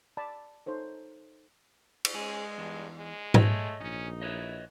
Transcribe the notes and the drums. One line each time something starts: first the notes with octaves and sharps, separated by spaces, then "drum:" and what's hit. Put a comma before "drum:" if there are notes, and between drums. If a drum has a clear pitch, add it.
D5 A5 B5
D#4 A4 C5 C#5
drum: cymbal
G#3 C#4 G#4
E2 G2
G#3
A3 C#5 D#5, drum: tom G#2
A#1 C#4 D#4
E4 B4 C#5 D#5